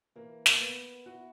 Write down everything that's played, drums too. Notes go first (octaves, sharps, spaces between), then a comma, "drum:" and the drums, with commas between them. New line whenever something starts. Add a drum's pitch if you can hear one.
E3 A#3
A#3, drum: snare
B3
E4 F#4